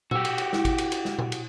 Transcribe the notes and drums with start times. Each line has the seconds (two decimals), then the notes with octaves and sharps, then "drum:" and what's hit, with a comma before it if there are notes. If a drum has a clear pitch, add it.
0.11 F#4 G4 E6, drum: tom A#2
0.25 drum: cymbal
0.38 drum: cymbal
0.53 E4, drum: snare
0.65 drum: kick G#1, cymbal
0.78 drum: cymbal
0.92 drum: cymbal
1.05 drum: snare
1.19 drum: tom A#2
1.32 drum: cymbal